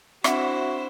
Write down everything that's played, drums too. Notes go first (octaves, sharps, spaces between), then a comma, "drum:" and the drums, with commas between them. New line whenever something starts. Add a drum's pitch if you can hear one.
C4 D4 E4 F#4 C5 E5 F#5, drum: rim click